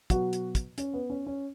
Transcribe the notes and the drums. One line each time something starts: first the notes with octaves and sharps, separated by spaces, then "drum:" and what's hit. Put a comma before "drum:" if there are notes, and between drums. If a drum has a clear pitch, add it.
B2 F#3 F#4, drum: kick, hi-hat
drum: hi-hat
drum: kick, hi-hat
C#4, drum: hi-hat
B3
C#4
C#4